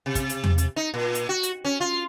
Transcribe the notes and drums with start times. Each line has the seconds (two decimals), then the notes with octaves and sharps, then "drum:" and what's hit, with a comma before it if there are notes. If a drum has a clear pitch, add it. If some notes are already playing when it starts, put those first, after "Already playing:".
0.06 C3
0.15 drum: kick, hi-hat
0.29 drum: hi-hat
0.44 drum: tom E2
0.58 drum: hi-hat
0.76 D#4
0.94 A#2
1.15 drum: hi-hat
1.29 F#4
1.43 drum: hi-hat
1.65 C#4
1.80 F4